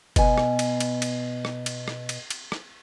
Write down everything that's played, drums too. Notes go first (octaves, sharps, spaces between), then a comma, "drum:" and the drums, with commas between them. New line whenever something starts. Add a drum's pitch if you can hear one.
B2 G#5, drum: kick F#1, cymbal
drum: rim click
drum: cymbal
drum: cymbal
drum: cymbal
drum: rim click
drum: cymbal
drum: rim click
drum: cymbal
drum: cymbal
drum: rim click